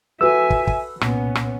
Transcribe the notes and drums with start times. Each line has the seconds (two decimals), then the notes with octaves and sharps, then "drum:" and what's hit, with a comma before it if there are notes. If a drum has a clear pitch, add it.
0.21 F#4 A4 B4 E5 G#5 E6
0.50 drum: kick
0.67 drum: kick
1.01 C2 A#2 B3 C#4, drum: rim click
1.35 drum: rim click